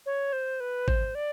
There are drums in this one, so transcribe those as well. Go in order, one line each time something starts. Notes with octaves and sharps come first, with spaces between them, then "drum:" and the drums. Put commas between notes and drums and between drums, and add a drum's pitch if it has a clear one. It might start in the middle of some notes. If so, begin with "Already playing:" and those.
C#5
C5
B4
C5, drum: kick
D5